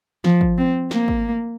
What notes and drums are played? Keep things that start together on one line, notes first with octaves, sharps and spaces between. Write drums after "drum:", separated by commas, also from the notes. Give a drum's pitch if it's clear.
F3, drum: snare
drum: kick
C4
A#3, drum: snare
drum: kick